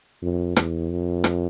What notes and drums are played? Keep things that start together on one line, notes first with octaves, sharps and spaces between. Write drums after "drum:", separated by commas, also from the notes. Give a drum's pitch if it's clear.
F2
E2, drum: rim click
F2
drum: rim click